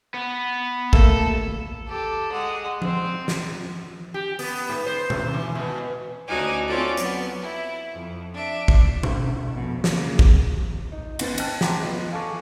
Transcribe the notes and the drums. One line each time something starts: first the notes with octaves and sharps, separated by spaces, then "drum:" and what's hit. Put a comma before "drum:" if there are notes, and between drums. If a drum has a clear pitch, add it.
B3
A3 A#3 A4, drum: kick
G4 A4
G#3 F#5
C4 C5, drum: tom F3
drum: snare
G4
B3, drum: open hi-hat
G#2
C5
D#2, drum: tom B2
E3
B2
D2 C#4 D#4 F#4 G#5 D6
C4 C#4 F4 F#4 A4 D5
F#3 B3, drum: hi-hat
E4
F2
D4 E5
drum: kick
drum: tom B2
F2 B2
C#3 A#3, drum: snare
drum: kick
D#4
G#1 B3 C#4 B4 C5 A6, drum: cymbal
D#5 G5 A5 F#6, drum: cymbal
F#5 G5 A5 A#5 C6 D6, drum: snare
B3 F4 D#5
A4 F5 G#5 A5 C#6 D6